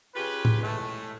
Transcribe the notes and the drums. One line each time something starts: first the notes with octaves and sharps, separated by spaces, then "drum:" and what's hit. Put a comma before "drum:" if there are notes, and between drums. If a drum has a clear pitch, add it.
C#3 F4 G4 B4
drum: tom A2
A2 G#3 A3